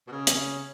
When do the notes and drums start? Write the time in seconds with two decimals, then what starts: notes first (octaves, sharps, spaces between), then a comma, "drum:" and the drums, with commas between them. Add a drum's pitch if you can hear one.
0.08 B2
0.11 C#3
0.27 drum: hi-hat